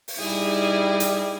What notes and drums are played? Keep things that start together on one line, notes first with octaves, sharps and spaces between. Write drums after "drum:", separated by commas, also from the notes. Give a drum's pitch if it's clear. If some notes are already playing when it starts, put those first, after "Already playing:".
drum: open hi-hat
G3 D#4 E4 G#4
drum: hi-hat